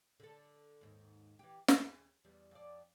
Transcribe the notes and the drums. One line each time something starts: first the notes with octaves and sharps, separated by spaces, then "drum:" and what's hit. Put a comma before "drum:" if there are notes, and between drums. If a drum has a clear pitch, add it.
D3 A4
D#2 G#2
E3 G4
G#4, drum: snare
E2 G3
F2 D5